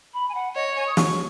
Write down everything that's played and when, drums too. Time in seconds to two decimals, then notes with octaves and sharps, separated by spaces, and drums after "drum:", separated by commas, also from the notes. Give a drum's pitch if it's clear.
0.14 B5
0.29 G#5
0.35 F#5
0.55 C#5 D#5
0.76 G#5
0.87 D#6
0.97 C#6, drum: snare